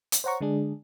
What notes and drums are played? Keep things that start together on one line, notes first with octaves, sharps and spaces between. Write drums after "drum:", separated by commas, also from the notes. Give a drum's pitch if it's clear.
drum: hi-hat
C5 C#5 F#5 A#5 C#6
D3 G#3 D4 G#4